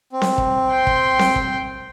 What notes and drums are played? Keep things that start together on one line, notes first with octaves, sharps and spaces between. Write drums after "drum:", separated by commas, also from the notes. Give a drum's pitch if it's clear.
C4
drum: snare C4
drum: kick
G5 C6
drum: kick
drum: snare C4
drum: kick